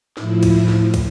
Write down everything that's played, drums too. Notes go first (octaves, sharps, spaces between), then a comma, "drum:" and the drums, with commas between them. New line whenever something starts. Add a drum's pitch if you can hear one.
A2 F3 E4, drum: snare
drum: kick, cymbal
drum: snare
drum: kick, cymbal